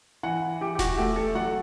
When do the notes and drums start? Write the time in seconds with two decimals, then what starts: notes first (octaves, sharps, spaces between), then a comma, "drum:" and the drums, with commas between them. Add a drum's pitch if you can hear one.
0.23 E3 F#5
0.61 E3 G4
0.75 G4
0.79 F#4, drum: snare D#1
0.98 A3 G4
1.16 A4
1.35 F#3 F#5